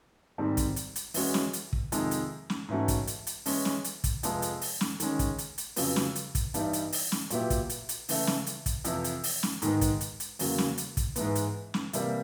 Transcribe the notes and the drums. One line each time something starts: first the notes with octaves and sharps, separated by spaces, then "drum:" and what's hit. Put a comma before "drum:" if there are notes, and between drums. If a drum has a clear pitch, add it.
G#2 D#3 G3 C4
drum: kick, hi-hat
drum: hi-hat
drum: hi-hat
E3 G#3 C#4 F#4, drum: open hi-hat
drum: snare
drum: hi-hat
drum: kick
F2 C3 D#3 G#3, drum: hi-hat
drum: hi-hat
drum: snare
G#2 E3 A3 C#4 F#4
drum: kick, hi-hat
drum: hi-hat
drum: hi-hat
E3 G#3 C#4, drum: open hi-hat
drum: snare
drum: hi-hat
drum: kick, hi-hat
F2 C3 F3 G#3 B3, drum: hi-hat
drum: hi-hat
drum: open hi-hat
drum: snare
D#3 G#3 C#4, drum: hi-hat
drum: kick, hi-hat
drum: hi-hat
drum: hi-hat
F2 C#3 F#3 B3, drum: open hi-hat
drum: snare
drum: hi-hat
drum: kick, hi-hat
G2 E3 G3 B3 D#4, drum: hi-hat
drum: hi-hat
drum: open hi-hat
drum: snare
A#2 F#3 B3 E4 G4, drum: hi-hat
drum: kick, hi-hat
drum: hi-hat
drum: hi-hat
C#3 E3 A3, drum: open hi-hat
drum: snare
drum: hi-hat
drum: kick, hi-hat
F2 C3 E3, drum: hi-hat
drum: hi-hat
drum: open hi-hat
drum: snare
G#2 D#3 G#3 B3, drum: hi-hat
drum: kick, hi-hat
drum: hi-hat
drum: hi-hat
E2 C#3 F#3 A#3, drum: open hi-hat
drum: snare
drum: hi-hat
drum: kick, hi-hat
G#2 E3 G#3 B3, drum: hi-hat
drum: hi-hat
drum: snare
C3 E3 G3 A#3, drum: hi-hat